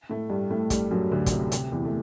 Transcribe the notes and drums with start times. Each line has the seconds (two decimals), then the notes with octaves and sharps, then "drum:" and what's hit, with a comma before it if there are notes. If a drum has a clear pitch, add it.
0.10 A2 A3
0.30 G2 G3
0.51 A2 A3
0.70 G2 G3, drum: kick, hi-hat
0.91 F#2 F#3
1.12 D2 D3
1.26 D3, drum: kick, hi-hat
1.32 C3
1.52 C3, drum: hi-hat
1.72 E2 E3
1.85 A3